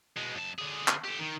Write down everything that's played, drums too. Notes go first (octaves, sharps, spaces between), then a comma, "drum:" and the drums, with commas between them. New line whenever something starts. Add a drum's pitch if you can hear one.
B2 G#3
F#2 A5
D3 G#4
drum: clap
G4 A4
D#3